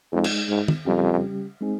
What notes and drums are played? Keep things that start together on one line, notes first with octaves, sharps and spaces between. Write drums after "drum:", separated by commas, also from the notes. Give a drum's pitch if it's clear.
F2 G#3 D#4 G#4
drum: cymbal
G#2
drum: tom
F2 C#3 G3 C#4 G4
G#3 C4 D#4 G#4